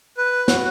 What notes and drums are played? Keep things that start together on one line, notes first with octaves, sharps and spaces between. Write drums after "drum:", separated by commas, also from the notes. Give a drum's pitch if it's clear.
B4
F#4, drum: snare